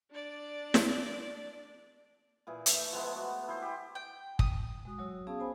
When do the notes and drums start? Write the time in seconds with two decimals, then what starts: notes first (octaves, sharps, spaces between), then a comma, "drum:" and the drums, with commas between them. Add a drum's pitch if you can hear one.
0.11 D4 D5
0.74 drum: snare
2.47 A#2 E3 G#4
2.66 A3, drum: hi-hat
2.92 F3 G#3 A3 B3
3.15 F#4
3.48 E4 G#4 C5
3.62 G4
3.95 G5
4.39 D#6, drum: kick
4.85 G#3 F#4 D#6
4.98 F#3 F#4 C#5 E6
5.27 B3 C#4 G#4 F5 A5 D#6
5.39 B3 C5 G#5 B5